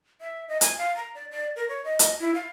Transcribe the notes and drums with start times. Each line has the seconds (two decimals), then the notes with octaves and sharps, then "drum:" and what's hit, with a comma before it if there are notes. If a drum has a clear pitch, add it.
0.21 E5
0.48 D#5
0.61 G#5, drum: hi-hat
0.78 F5
0.96 A#5
1.15 D5
1.31 D5
1.56 A#4
1.69 C#5
1.85 D#5
1.99 drum: hi-hat
2.20 E4
2.35 F5